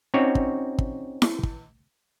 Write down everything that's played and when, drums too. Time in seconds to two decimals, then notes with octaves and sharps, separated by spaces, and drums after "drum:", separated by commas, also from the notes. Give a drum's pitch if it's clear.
0.14 C4 C#4 D#4 F#4 C#5 D5
0.35 drum: kick
0.79 drum: kick
1.22 drum: snare E4
1.43 drum: kick